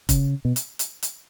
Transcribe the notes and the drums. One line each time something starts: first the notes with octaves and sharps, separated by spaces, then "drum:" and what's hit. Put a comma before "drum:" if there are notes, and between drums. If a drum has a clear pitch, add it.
C#3, drum: kick F1, hi-hat
B2
drum: hi-hat
drum: hi-hat
drum: hi-hat